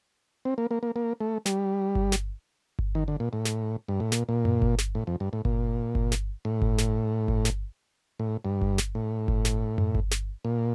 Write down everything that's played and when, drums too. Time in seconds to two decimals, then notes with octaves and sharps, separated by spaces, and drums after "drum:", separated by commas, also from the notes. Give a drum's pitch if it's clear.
0.45 C4
0.58 A#3
0.71 A#3
0.83 A#3
0.96 A#3
1.21 A3
1.46 G3, drum: snare
1.95 drum: kick G1
2.12 drum: snare
2.79 drum: kick G1
2.95 D#3
3.08 D3
3.20 A#2
3.33 A2
3.45 drum: snare
3.88 G2
4.00 A2
4.12 A#2, drum: snare
4.29 A#2
4.45 drum: tom F#2
4.62 drum: kick G1
4.78 drum: snare
4.95 A2
5.07 F2
5.20 G2
5.33 A2
5.45 A#2, drum: kick G1
5.95 drum: kick G1
6.12 drum: snare
6.45 A2
6.62 drum: kick G1
6.78 drum: snare
7.28 drum: kick G1
7.45 drum: snare
8.20 A2
8.45 G2
8.61 drum: kick G1
8.78 drum: snare
8.95 A2
9.28 drum: kick G1
9.45 drum: snare
9.78 drum: tom F#2
9.95 drum: kick G1
10.11 drum: snare
10.45 A#2